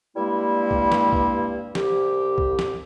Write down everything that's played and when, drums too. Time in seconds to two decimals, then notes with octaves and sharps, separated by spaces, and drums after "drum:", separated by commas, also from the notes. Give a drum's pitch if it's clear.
0.15 G2 G3 G#3 A#3 E4
0.71 drum: kick B1
0.92 drum: snare
1.13 drum: kick B1
1.75 C2 G4, drum: snare
2.38 drum: kick B1
2.59 drum: snare